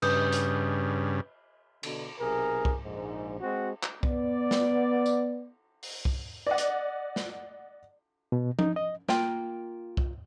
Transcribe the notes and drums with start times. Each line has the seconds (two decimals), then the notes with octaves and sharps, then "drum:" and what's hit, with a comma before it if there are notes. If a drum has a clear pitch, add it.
0.02 G2 C#3 B4 D#6 G6, drum: cymbal
0.33 drum: hi-hat
1.83 B2 D3, drum: cymbal
2.20 B1 C3 G#4 A#4
2.65 drum: kick C2
2.83 A#1 G#2
3.41 G#3 C4 F#4
3.83 drum: clap
4.03 B3 D5, drum: kick C2
4.51 drum: snare
5.06 drum: tambourine
5.83 drum: open hi-hat
6.05 drum: kick C2
6.47 D5 D#5 F#5
6.58 drum: hi-hat
7.16 drum: snare
8.32 B2
8.59 D#4, drum: tom F3
8.76 D#5
9.09 A#3 F4 G5 A#5, drum: snare
9.97 drum: kick C2